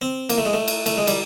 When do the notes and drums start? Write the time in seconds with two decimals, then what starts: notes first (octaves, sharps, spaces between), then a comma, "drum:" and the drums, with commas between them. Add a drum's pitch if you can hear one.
0.02 C4
0.30 A#3, drum: cymbal
0.38 A3
0.46 G#3
0.53 A3
0.68 drum: cymbal
0.86 A3, drum: cymbal
0.97 G#3
1.07 G3, drum: cymbal